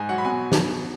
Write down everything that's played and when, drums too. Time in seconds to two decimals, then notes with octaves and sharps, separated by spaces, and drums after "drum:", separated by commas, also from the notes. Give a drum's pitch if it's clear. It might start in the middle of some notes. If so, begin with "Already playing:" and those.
Already playing: G#2 G#5
0.09 F#3 F#5
0.18 B5
0.25 B2 G#5
0.52 drum: snare